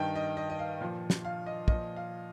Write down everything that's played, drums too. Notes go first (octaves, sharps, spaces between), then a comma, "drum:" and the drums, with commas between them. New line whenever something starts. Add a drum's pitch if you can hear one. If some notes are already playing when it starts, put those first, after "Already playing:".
Already playing: G2 D#3 G5
D#5
D#5
D#5
F5
A#2 F3
drum: snare
F5
D#5
A#2 F3 D#5, drum: kick
F5